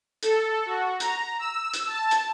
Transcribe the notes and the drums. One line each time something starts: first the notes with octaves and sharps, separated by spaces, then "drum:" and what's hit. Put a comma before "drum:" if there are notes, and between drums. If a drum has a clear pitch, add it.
A4, drum: hi-hat
F#4
A#5, drum: hi-hat
E6
drum: hi-hat
A5
drum: hi-hat